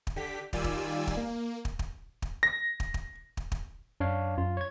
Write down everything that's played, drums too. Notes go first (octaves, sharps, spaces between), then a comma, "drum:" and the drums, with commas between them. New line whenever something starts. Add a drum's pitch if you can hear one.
drum: kick
D3 G4 B6
D#3 G3 F4 D5 G#5 E6, drum: kick
drum: kick
drum: kick
A#3
drum: kick
drum: kick
drum: kick
A#6
drum: kick
drum: kick
drum: kick
drum: kick
F#2 D4 C#5 F5
F#2 F4
C#5 G#6